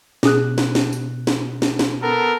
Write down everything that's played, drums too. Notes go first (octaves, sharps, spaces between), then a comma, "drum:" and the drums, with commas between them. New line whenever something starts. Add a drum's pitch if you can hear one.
B2 C#4 G#4 F#6, drum: snare
drum: snare
drum: snare
drum: tambourine
drum: snare
drum: snare
drum: snare
B3 A4 A#4